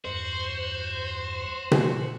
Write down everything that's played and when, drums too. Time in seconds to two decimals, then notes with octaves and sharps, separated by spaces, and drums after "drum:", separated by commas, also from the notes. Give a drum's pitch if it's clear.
0.05 E2 G2 F#4 C5
1.72 drum: tom B2